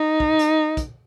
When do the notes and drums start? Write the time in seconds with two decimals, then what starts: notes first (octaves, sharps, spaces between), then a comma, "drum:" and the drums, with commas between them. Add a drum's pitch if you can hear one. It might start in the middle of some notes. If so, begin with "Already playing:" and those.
Already playing: D#4
0.20 drum: kick
0.39 drum: hi-hat
0.77 drum: kick, hi-hat